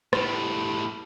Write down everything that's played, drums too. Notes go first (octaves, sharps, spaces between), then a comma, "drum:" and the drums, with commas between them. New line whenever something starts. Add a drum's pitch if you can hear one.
A2 G3, drum: rim click